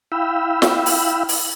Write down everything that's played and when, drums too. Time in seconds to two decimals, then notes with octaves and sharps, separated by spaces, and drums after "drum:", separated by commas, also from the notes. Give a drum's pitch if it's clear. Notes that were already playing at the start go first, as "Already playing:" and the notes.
0.12 E4 F5 G5 B5 E6
0.62 drum: snare
0.86 drum: open hi-hat
1.29 drum: open hi-hat